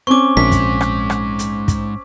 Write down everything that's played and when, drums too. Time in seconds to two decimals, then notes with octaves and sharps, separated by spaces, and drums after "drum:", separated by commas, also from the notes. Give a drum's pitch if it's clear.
0.07 C4 C#4 C#6 D6
0.37 A#1 G#2 G#3 B6
0.51 drum: kick, hi-hat
0.81 drum: rim click
1.10 drum: rim click
1.39 drum: hi-hat
1.68 drum: kick, hi-hat